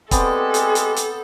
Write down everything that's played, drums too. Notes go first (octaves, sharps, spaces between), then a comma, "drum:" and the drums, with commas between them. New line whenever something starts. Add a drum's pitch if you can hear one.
G#3 B3 C4 G4 A4 D5 G#5, drum: kick, hi-hat
drum: hi-hat
drum: hi-hat
drum: hi-hat